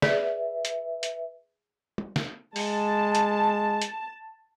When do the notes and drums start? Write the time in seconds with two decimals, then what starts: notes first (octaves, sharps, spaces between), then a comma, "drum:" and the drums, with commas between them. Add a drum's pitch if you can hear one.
0.02 G#4 B4 D5 E5, drum: snare
0.65 drum: hi-hat
1.03 drum: hi-hat
1.98 drum: tom
2.16 drum: snare
2.56 G#3 A5, drum: open hi-hat
3.15 drum: hi-hat
3.82 drum: hi-hat